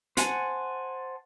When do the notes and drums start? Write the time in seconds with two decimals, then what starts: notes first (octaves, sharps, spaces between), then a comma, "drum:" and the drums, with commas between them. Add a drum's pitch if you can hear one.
0.17 C5 F#5 G#5 A5, drum: hi-hat